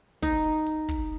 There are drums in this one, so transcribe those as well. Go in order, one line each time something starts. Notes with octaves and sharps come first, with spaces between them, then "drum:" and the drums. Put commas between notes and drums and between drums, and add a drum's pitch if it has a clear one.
D#4, drum: kick, hi-hat
drum: open hi-hat
drum: hi-hat
drum: kick, open hi-hat